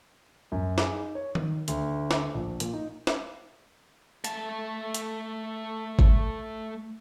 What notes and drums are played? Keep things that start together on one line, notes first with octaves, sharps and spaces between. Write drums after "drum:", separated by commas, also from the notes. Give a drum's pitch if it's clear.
F#2
G#4, drum: snare
D#4
C#5
D#3, drum: tom D#3
D2, drum: hi-hat
drum: snare
A#1
A#2, drum: hi-hat
D#4
drum: snare
A3 A5, drum: hi-hat
drum: hi-hat
drum: kick G#1